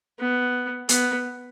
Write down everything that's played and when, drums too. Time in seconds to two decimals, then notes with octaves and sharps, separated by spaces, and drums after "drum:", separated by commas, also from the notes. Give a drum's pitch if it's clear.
0.19 B3
0.89 B3, drum: hi-hat